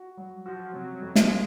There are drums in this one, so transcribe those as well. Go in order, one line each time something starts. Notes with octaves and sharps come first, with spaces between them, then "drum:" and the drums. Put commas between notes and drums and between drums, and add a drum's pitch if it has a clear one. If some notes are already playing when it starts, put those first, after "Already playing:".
Already playing: F#4
F#3
F3 F#4
C3 F#3
F2
G#3, drum: snare